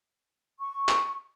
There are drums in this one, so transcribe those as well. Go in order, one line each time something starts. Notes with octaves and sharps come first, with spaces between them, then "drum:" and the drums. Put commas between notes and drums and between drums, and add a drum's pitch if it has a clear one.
C#6
drum: clap